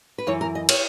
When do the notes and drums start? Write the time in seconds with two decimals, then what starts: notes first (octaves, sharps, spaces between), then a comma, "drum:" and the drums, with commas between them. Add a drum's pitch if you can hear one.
0.18 B4
0.27 F#2 E3 C#5
0.41 A#4
0.55 D#5
0.69 C#5, drum: cymbal